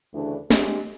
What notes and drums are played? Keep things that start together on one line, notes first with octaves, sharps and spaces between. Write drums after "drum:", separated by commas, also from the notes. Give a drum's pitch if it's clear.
D2 C#3 E3 D4
G#3 C4 D4 G4 G#4, drum: snare